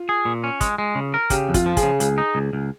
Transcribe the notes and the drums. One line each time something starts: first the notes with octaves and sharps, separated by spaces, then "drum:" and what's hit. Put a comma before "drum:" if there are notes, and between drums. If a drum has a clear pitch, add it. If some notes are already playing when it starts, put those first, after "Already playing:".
Already playing: F4
G#4
A#2
C#4
G#3, drum: kick, hi-hat
G#3
C#3
A#4
C#3 G4, drum: kick, hi-hat
F2
F4, drum: kick, hi-hat
F3
G#4, drum: kick, hi-hat
C#3
C#2 G#4, drum: hi-hat
D#4
C#2
C#2